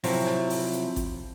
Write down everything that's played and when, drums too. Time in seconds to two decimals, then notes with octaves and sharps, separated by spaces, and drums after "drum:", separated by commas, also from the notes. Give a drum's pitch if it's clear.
0.04 C3 F3 F#3 E4, drum: open hi-hat
0.27 drum: rim click
0.50 drum: open hi-hat
0.73 drum: hi-hat
0.96 drum: kick G#1, hi-hat